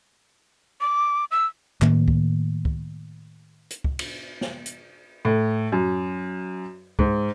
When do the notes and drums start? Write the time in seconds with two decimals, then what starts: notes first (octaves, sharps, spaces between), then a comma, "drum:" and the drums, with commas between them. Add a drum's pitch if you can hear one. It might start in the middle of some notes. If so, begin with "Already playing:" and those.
0.81 D6
1.31 E6
1.82 A2 D#3 A#3, drum: clap
2.08 drum: kick C#2
2.65 drum: kick C#2
3.70 drum: hi-hat
3.84 drum: kick C#2
3.99 drum: cymbal
4.41 drum: snare
4.66 drum: hi-hat
5.25 A2
5.72 F#2
6.99 G#2, drum: kick C#2